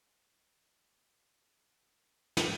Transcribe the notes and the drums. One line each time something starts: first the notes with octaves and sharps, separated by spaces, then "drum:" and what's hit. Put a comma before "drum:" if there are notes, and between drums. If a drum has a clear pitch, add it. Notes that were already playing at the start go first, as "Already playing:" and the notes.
D#5
B4
drum: snare